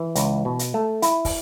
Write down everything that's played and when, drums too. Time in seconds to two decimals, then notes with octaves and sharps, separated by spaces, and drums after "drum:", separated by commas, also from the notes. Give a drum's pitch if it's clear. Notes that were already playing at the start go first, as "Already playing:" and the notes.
Already playing: E3
0.15 C#2, drum: hi-hat
0.45 B2
0.59 drum: hi-hat
0.74 A3
1.02 E4, drum: hi-hat
1.25 drum: kick, open hi-hat